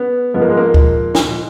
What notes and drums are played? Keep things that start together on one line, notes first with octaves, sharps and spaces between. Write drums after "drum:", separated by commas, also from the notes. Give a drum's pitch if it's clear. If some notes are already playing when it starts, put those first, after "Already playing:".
Already playing: B3
G#2 F3 B3
A#3
G#3
A#3
drum: kick D2
drum: snare